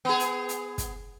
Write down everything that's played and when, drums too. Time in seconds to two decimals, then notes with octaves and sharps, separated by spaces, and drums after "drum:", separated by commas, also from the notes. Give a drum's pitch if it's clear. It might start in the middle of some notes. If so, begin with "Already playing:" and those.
0.05 B3 G#4
0.19 drum: hi-hat
0.49 drum: hi-hat
0.78 drum: kick, hi-hat